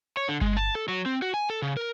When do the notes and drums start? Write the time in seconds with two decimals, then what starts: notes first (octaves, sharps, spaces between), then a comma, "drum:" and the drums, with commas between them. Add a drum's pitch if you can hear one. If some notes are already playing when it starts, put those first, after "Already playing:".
0.17 C#5
0.29 D3
0.41 G#3, drum: kick G1
0.57 A5
0.75 A4
0.88 F#3
1.06 C4
1.22 F#4
1.34 G#5
1.50 A4
1.62 C#3
1.77 A#4